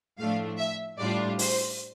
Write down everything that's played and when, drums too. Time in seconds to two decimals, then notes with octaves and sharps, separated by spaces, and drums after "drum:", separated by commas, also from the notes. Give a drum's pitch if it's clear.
0.18 A2 F3 A3 D4 F5
0.58 E5
0.98 A2 G3 D4 F4 D5
1.39 C5, drum: open hi-hat